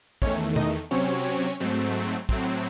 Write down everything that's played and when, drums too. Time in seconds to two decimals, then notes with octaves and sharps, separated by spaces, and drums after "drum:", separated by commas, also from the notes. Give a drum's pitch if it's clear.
0.22 E2 D#3 A3 C#4 C#5, drum: kick
0.56 D#4 D#5, drum: tom
0.91 C3 F#3 C4 C#4 C#5
1.60 G#2 F#3 A3 C4
2.29 A2 F#3 C4, drum: kick